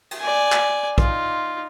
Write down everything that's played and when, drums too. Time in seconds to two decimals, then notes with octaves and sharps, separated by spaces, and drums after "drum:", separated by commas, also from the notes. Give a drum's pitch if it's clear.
0.11 drum: cymbal
0.20 D5 G#5
0.52 drum: clap
0.98 D#4 F4, drum: kick